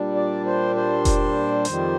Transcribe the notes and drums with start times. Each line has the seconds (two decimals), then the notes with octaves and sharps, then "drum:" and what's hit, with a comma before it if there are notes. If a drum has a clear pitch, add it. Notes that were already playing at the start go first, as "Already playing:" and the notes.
Already playing: A#2 G3 D4
0.15 D5
0.46 C5
0.76 C5
1.05 drum: kick F1, hi-hat
1.65 F2 D#3 G3, drum: hi-hat